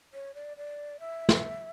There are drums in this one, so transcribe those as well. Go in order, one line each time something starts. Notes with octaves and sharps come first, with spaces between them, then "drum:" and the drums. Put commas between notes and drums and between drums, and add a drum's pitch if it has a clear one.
C#5
D5
D5
E5
drum: snare